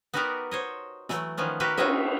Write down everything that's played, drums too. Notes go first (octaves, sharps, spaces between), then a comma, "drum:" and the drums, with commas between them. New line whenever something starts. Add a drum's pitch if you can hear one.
B3 D#4 F#4 G4 A#4 D5
C5 C#5 D#5
E3 F#3 A3, drum: snare
D#3 F3 B3 C#4
F#4 G4 A#4 B4 E5
F4 F#4 B4 C#5 D#5 E5, drum: cymbal